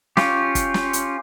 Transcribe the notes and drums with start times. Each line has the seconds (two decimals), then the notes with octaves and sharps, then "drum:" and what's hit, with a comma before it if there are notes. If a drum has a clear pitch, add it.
0.17 C#4 F4 G4, drum: snare
0.55 drum: kick, hi-hat
0.74 drum: snare
0.93 drum: hi-hat